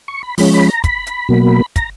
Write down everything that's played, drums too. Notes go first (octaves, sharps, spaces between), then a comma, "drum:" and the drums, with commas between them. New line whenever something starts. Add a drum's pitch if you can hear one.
C#6
B5
F3 G#3 C#4 B5, drum: open hi-hat
B5
A#5
B5, drum: kick, hi-hat
drum: hi-hat
B2 F#3 A#3
A#5, drum: kick, hi-hat